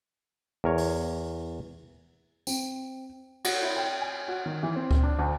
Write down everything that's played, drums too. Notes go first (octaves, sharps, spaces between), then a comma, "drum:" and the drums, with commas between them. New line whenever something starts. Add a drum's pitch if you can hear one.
E2 A#4 C#5
drum: open hi-hat
C4, drum: tambourine
F#4, drum: cymbal
E4
G5
G#5
F#4
D#3
E3
C4
drum: kick D2
D4
D2